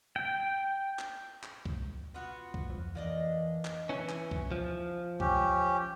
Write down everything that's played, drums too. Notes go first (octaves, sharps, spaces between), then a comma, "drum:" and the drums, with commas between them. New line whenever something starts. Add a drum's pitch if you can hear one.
G5
drum: clap
drum: clap
drum: kick
B3 F4 F#4
drum: kick
F2
E3 A#3 D4 D#5
drum: clap
E3 C#4
drum: clap
drum: kick
F3
C#4 G4, drum: kick